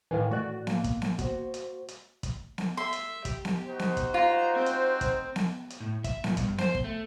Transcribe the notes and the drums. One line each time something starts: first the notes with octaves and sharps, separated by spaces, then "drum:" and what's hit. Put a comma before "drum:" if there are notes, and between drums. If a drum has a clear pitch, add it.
A2 D#3 E3 F5 G#5
A2 F#4 D5 F#6
A#3, drum: snare B3
drum: kick, hi-hat
drum: snare B3
F#4 C5, drum: kick, hi-hat
drum: hi-hat
drum: hi-hat
drum: kick, hi-hat
drum: snare B3
E5 C6
drum: hi-hat
G4, drum: kick, hi-hat
drum: snare B3
D#4 F#4 C5
drum: snare B3
drum: kick, hi-hat
F4 A#5
C4
drum: hi-hat
drum: kick, hi-hat
drum: snare B3
drum: hi-hat
A2
E5, drum: kick, hi-hat
A#2, drum: snare B3
G2, drum: kick, hi-hat
C5, drum: snare B3
drum: kick
A3